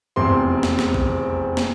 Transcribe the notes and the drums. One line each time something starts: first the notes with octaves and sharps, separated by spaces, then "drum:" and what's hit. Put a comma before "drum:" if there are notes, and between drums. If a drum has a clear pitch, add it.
F1 E2 C4 C6
drum: snare
drum: snare
drum: kick
drum: snare